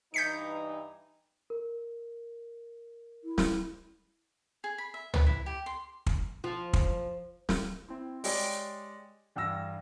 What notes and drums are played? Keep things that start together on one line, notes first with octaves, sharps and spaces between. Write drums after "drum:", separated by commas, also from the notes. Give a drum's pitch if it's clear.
G2 E3 D#4 G6 B6 C#7
A#4
E4
drum: snare
G#4
B5
E5
B4, drum: tom
E4
G4
C6
drum: kick
F3
drum: kick
drum: snare
C4 E4
G#3 G4 C#5 D5, drum: open hi-hat
E2 G2 G5 E6 A#6